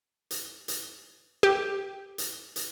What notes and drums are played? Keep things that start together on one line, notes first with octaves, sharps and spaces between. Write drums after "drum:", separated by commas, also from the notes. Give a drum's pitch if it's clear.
drum: hi-hat
drum: hi-hat
G4
drum: hi-hat
drum: hi-hat